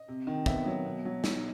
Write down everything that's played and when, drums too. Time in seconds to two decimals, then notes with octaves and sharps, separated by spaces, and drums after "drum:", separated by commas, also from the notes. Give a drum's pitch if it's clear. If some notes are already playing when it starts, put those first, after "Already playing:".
Already playing: D#5
0.08 C3
0.27 D#3
0.46 B3 E5, drum: kick
0.66 F#3
0.85 B2
1.05 F#3
1.24 D#4, drum: snare